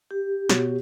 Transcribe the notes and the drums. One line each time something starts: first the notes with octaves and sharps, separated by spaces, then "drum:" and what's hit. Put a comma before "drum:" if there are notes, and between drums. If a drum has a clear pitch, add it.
G4
B2 F#4 C#5, drum: snare